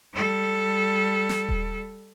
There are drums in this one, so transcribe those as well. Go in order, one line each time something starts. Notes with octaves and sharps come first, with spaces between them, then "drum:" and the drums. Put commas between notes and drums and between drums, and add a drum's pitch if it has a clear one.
G3 A4
drum: snare
drum: kick D#1